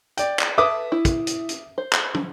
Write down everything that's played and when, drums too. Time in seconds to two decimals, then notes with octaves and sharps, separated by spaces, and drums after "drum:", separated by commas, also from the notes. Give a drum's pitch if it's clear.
0.17 D5 G5, drum: hi-hat
0.39 drum: clap
0.58 A4 B4 E5 D6 D#6
0.92 E4
1.05 drum: kick, hi-hat
1.27 drum: hi-hat
1.49 drum: hi-hat
1.78 C5
1.93 drum: clap
2.14 drum: tom